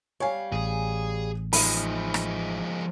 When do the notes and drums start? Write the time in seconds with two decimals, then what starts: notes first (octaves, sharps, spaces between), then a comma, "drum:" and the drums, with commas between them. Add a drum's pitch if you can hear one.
0.20 G3 C#5 F5 G#5
0.52 A1 G#4
1.53 F3 G#3 D#4 E5 B5, drum: open hi-hat
2.14 drum: rim click